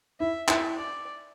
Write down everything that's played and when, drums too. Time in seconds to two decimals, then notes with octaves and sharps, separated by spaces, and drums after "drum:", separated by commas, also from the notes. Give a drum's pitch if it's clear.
0.20 E4 E5
0.48 E4 E5, drum: clap
0.78 D5